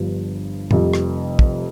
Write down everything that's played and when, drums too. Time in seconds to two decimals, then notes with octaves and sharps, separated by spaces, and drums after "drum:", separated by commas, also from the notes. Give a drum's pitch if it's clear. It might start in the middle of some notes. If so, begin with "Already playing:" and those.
Already playing: G1 G2 F3
0.71 F1 F2 C3 G3, drum: tom
0.94 drum: rim click
1.39 drum: kick